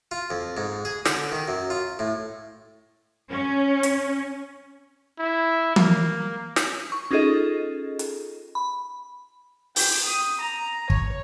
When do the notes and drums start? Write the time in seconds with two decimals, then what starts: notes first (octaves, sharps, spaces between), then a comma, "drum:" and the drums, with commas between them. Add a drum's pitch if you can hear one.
0.11 F4
0.30 F2
0.57 G#2
0.85 G#4
1.05 D3, drum: snare
1.32 D#3
1.48 F#2
1.70 F4
1.99 A2
3.31 C#4
3.83 drum: hi-hat
5.19 E4
5.76 A#3, drum: tom
6.56 drum: snare
6.92 C#6
7.11 C#4 D#4 F4 G#4 A4 D#5
7.99 drum: hi-hat
8.55 B5
9.76 G5, drum: open hi-hat
10.04 D#6
10.40 A#5
10.90 C#5, drum: kick